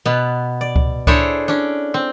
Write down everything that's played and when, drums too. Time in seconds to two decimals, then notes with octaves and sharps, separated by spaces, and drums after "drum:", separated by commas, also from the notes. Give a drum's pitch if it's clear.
0.06 B2 B3
0.61 D5
0.76 drum: kick C#2
1.07 D4 E4 G#4 A4 C5 C#5, drum: kick C#2
1.48 C#4 D4
1.94 C4